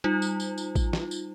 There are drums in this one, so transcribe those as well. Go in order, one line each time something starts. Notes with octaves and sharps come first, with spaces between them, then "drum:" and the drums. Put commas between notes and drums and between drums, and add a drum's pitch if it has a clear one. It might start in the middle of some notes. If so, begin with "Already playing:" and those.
G3 D#4 F4
drum: tambourine
drum: tambourine
drum: tambourine
drum: kick A1, tambourine
drum: snare
drum: tambourine